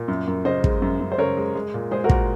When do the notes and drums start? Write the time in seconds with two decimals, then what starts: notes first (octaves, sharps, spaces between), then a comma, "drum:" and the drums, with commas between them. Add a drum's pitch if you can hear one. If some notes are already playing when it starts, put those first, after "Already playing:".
Already playing: A#2
0.08 F#2
0.28 F#2
0.45 C#3 C5 D#5
0.64 G#3, drum: kick
0.82 F#2
1.01 F#2
1.12 C5
1.18 C#3 A#4 C#5
1.37 G#3
1.55 G#3
1.74 A#2
1.91 G#3 G#4 C5
2.04 F#4 A#4
2.09 A#2, drum: kick